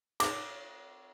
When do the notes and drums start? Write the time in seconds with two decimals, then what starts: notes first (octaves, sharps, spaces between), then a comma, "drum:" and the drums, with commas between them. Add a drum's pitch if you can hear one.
0.20 D6, drum: cymbal